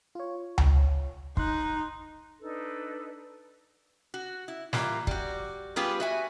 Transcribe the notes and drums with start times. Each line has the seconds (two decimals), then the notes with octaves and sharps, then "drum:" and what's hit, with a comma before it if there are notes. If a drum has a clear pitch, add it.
0.15 F4 C#5
0.58 drum: tom C#2
1.37 D#4 C6 F#6, drum: kick
2.40 D4 D#4 A4 B4
4.14 F#4
4.48 E4
4.73 E3 G3 A#3 F4, drum: snare
5.07 G3 F#4, drum: kick
5.76 G3 B3 F4 G4 G#4 B4
6.00 F#4 E5 G#5